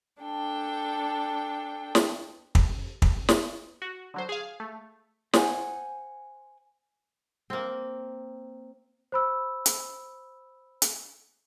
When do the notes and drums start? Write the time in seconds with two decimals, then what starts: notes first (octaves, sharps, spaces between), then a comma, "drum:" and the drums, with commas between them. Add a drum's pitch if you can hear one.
0.21 D4 A4 G5
1.95 drum: snare
2.55 drum: kick
3.02 drum: kick
3.29 drum: snare
3.82 F#4
4.14 D3 F#3 C5
4.29 G#4 F5
4.60 A3
5.33 C5 F#5 G#5, drum: snare
7.50 A#3 C4
9.12 C5 B5 E6
9.66 drum: hi-hat
10.82 drum: hi-hat